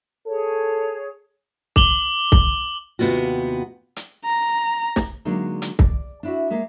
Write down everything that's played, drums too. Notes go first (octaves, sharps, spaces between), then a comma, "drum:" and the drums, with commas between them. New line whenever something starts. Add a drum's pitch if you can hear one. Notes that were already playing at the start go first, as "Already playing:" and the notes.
G#4 A4 C#5
D6 F#7 G7, drum: kick C2
drum: kick C2
D#2 C3 B3 C#4 F4 F#4
drum: hi-hat
A#5
drum: snare
D3 F#3 G#3 A#3 D4 D#4
drum: hi-hat
D5, drum: kick C2
D4 E4 F#4
G#3 A#3 E5